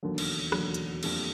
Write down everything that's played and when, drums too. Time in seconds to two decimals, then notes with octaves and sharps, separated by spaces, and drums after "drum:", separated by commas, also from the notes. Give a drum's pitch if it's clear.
0.03 E1 D#2 D3 F#3
0.18 drum: cymbal
0.52 E1 D#2 D3 F#3, drum: rim click
0.74 drum: hi-hat
1.03 F2 D3 G3 A#3, drum: cymbal